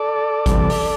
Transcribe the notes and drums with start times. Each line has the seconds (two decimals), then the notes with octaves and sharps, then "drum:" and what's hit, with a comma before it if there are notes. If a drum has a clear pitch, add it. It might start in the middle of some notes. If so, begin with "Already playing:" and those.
Already playing: A4 D5
0.46 E2 C3 G3, drum: kick G#1, hi-hat
0.70 drum: open hi-hat